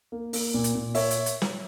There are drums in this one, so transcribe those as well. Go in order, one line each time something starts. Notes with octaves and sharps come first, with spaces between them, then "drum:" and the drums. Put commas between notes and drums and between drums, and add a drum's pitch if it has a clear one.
A#3
A#3, drum: open hi-hat
A#2
drum: hi-hat
A#2
A#3 C#5 E5, drum: open hi-hat
drum: hi-hat
drum: hi-hat
drum: snare